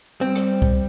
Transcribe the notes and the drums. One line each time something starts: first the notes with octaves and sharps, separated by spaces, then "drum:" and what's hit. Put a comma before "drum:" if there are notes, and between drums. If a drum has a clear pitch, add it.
G3 C4
drum: rim click
drum: kick C2